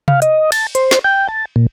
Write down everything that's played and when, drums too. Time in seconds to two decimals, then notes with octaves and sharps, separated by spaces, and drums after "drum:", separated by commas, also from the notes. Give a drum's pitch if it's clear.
0.08 F5, drum: tom C3
0.22 D#5, drum: hi-hat
0.52 A5, drum: cymbal
0.75 C5, drum: hi-hat
0.91 drum: snare
1.04 G5
1.28 A5
1.56 A#2